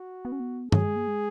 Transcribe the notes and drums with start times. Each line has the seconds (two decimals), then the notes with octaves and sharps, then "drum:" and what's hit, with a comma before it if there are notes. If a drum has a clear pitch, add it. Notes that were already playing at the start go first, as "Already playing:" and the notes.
Already playing: F#4
0.25 B3
0.32 C#4
0.40 B3
0.72 F#3 G#4, drum: tom G2
0.84 G#3
0.96 A#3
1.07 G#3